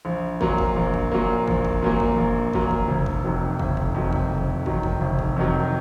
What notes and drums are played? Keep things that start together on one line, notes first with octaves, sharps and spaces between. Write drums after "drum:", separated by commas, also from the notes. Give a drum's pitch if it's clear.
A#1
A#2 F#3 A#3, drum: kick
drum: kick
A#1
drum: kick
A#2 F#3 A#3
A#1, drum: kick
drum: kick
A#2 F#3 A#3
drum: kick
A#1
A#2 F#3 A#3, drum: kick
drum: kick
F1
drum: kick
F2 D#3 F#3
F1, drum: kick
drum: kick
F2 D#3 F#3
drum: kick
F1
F2 D#3 F#3, drum: kick
drum: kick
F1
drum: kick
F2 D#3 F#3